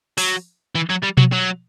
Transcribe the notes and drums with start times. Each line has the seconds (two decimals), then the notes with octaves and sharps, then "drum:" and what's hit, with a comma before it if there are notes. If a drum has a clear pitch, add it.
0.18 F#3, drum: open hi-hat
0.75 E3
0.89 F#3
1.03 G3
1.17 F#3, drum: tom B2
1.32 F#3